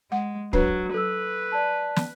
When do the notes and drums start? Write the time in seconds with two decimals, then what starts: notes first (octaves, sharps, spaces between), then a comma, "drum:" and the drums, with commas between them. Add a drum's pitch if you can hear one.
0.12 G#3 F#5
0.53 F#3 D4 B4 C#5, drum: kick
0.94 F#3 A4 B4 E6
1.52 D5 A5
1.96 drum: snare